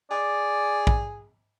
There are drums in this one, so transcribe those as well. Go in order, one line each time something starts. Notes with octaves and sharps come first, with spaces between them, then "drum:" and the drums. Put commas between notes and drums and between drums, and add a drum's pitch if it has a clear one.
G#4 D5
drum: kick